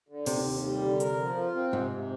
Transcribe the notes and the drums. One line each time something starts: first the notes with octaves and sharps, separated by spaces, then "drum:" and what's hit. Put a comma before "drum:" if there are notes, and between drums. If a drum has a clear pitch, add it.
D3
D#2 C3, drum: open hi-hat
D#2
G3
D3
A#4, drum: hi-hat
F3
F4
C4
G#2 C3
C3